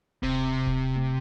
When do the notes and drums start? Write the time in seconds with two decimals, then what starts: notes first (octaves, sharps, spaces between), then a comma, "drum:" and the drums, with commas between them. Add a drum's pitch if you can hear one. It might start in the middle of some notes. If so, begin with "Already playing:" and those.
0.23 C3, drum: kick D1
0.67 drum: kick D1
0.96 drum: tom A3